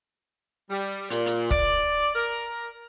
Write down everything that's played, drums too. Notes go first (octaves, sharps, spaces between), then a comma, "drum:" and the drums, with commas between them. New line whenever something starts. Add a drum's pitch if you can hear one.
G3
A#2, drum: hi-hat
drum: hi-hat
D5, drum: kick
A#4